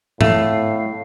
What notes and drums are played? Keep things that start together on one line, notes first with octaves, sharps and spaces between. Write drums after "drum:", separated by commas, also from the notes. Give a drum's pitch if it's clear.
A2 A3 F5, drum: tom G#2